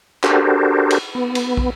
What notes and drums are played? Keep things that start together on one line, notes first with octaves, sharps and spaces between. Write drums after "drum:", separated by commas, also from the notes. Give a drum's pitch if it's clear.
D4 F#4 G4 A4 A#4 C5, drum: clap
drum: cymbal
B3
drum: cymbal
drum: kick